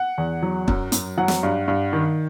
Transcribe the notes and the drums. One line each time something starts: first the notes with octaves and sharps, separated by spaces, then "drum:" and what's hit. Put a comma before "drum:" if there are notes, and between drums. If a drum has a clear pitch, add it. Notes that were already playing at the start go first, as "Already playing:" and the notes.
Already playing: F#5
E2
F#3
F#2, drum: kick
F#2, drum: hi-hat
F#3 F#5
drum: snare
G2
G2
D#3